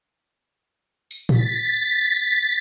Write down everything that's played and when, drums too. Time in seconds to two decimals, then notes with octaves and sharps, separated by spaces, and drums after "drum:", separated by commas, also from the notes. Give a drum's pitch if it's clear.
1.11 drum: tambourine
1.29 A6 B6, drum: tom A2